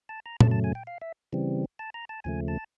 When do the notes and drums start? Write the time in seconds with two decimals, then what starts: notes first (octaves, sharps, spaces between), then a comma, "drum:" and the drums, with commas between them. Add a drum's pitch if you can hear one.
0.09 A5
0.26 A#5
0.41 F#2 C#3 F#3 A3 A5, drum: tom A#2
0.51 A5
0.64 G#5
0.75 G5
0.87 F5
1.02 E5
1.33 C#3 E3 G3 C4
1.79 A5
1.94 A#5
2.09 A5
2.24 D#2 C#3 F3 A3 G#5
2.48 A5